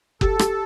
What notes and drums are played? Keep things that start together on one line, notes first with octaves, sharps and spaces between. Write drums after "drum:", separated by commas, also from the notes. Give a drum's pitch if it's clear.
G4 A4, drum: kick F#1
G4, drum: rim click